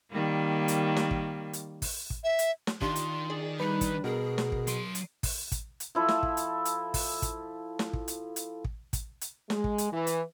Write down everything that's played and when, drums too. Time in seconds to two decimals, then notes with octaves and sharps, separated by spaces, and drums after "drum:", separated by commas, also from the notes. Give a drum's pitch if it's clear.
0.11 D#3 G3 A#3
0.68 drum: hi-hat
0.96 drum: snare
1.11 drum: kick
1.53 drum: hi-hat
1.82 drum: kick, open hi-hat
2.10 drum: kick
2.24 E5
2.39 drum: hi-hat
2.67 drum: snare
2.81 D#3 D4 F4 G4 C6, drum: kick
2.96 drum: hi-hat
3.30 G#4 D5
3.60 G3 D4 D#4 B4
3.81 drum: kick, hi-hat
4.04 B2 G#4 A#4
4.38 drum: snare
4.52 drum: kick
4.67 F#3 C6 C7 D7 D#7, drum: hi-hat
4.95 drum: hi-hat
5.23 drum: kick, open hi-hat
5.52 drum: kick, hi-hat
5.80 drum: hi-hat
5.95 F3 E4 A4
6.08 drum: snare
6.23 drum: kick
6.37 drum: hi-hat
6.65 drum: hi-hat
6.94 drum: kick, open hi-hat
7.22 drum: kick, hi-hat
7.79 drum: snare
7.93 drum: kick
8.08 drum: hi-hat
8.36 drum: hi-hat
8.64 drum: kick
8.93 drum: kick, hi-hat
9.21 drum: hi-hat
9.50 G#3, drum: snare
9.64 drum: kick
9.78 drum: hi-hat
9.91 E3
10.07 drum: hi-hat